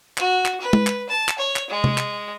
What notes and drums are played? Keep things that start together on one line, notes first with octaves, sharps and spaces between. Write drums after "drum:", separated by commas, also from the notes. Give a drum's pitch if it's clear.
F#4, drum: clap
drum: clap
B4
drum: tom G#3
drum: clap
A5
drum: clap
C#5
drum: clap
G#3
drum: tom C3
drum: clap